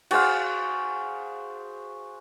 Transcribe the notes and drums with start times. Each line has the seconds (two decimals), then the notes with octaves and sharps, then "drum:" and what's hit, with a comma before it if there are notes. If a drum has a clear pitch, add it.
0.11 F#4 G#4 C5 F5, drum: cymbal